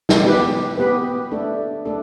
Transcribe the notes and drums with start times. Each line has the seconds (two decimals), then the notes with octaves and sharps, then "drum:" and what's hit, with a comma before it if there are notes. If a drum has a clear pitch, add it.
0.09 drum: snare
0.24 B3 G4 B4
0.78 B3 G4 B4
1.32 A3 D4 A4
1.85 A3 D4 A4